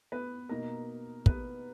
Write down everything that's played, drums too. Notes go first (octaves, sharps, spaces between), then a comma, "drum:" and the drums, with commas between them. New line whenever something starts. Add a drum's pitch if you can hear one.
B3 B4
B2 A#3 D#4 A#4
B3 B4, drum: kick